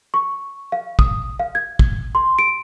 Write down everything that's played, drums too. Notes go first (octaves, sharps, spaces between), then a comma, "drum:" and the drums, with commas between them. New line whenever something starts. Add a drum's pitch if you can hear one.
C#6
F5
D#6, drum: kick
F5
G#6
drum: kick
C6
D7